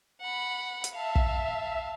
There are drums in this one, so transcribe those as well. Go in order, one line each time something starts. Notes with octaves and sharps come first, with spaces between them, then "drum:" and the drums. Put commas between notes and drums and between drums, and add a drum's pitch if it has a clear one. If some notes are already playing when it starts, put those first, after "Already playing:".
F#5 B5
drum: hi-hat
E5 F5 A5
drum: kick